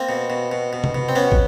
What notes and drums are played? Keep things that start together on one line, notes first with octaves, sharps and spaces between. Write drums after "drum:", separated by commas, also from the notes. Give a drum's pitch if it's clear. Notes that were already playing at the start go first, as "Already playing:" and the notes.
Already playing: A#3 C4
B2
B2
B2
B2
drum: tom C3
B2
C4
B2 B3 C#4
drum: kick